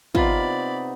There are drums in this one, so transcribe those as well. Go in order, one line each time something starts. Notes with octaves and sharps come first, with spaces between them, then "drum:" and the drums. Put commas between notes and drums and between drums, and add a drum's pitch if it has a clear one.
C3 B3 D#4 F4 D5 B5, drum: kick